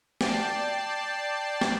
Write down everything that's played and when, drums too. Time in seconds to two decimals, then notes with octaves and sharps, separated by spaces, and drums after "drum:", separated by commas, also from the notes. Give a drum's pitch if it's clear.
0.21 D5 G5 A5 C7, drum: snare
1.61 drum: snare